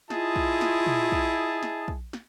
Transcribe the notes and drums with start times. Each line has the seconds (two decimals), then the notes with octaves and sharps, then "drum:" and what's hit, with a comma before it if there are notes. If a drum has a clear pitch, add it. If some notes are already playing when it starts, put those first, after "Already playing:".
0.10 E4 F4 G#4 D#5 A5, drum: snare
0.36 drum: kick
0.61 drum: snare
0.86 drum: tom
1.12 drum: kick
1.63 drum: snare
1.88 drum: kick
2.13 drum: snare